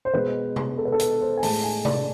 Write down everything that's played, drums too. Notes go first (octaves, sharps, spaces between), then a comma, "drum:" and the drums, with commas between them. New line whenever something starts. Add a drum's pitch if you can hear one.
C5
B2 G#3 B4
drum: tom C3
A4
B4
A4
B4, drum: hi-hat
C5
G#5
A2 G#3 A5, drum: open hi-hat
G#5
D5, drum: tom C3